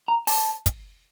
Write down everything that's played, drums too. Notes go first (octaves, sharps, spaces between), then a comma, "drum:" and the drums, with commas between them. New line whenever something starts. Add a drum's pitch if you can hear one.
A#5
A5, drum: open hi-hat
drum: kick, hi-hat